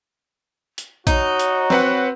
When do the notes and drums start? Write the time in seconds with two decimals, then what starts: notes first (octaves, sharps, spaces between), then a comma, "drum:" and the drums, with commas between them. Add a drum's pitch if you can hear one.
0.78 drum: hi-hat
1.07 D#4 F#4 C#5, drum: kick A#1, hi-hat
1.39 drum: hi-hat
1.70 C4 B4 F#5, drum: snare